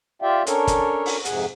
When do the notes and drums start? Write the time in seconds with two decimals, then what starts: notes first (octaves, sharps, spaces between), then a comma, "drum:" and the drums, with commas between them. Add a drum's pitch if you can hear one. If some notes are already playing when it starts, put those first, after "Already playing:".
0.22 F4 G4 D5 E5 F5 G5
0.47 C#4 D4 A4 A#4 C#5, drum: hi-hat
0.67 drum: kick, hi-hat
1.06 drum: open hi-hat
1.25 F2 G#2 C3 G#4 F#5, drum: hi-hat